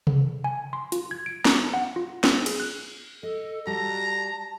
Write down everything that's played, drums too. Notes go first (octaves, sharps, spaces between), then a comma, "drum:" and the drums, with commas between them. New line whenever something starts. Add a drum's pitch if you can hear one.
drum: tom C3
G#5
C6
F4, drum: hi-hat
G#6
D7
A#5, drum: snare
F#5
F4
F4, drum: snare
G#4, drum: cymbal
F#6
A4 D#5
G3 F#4 A5 A#5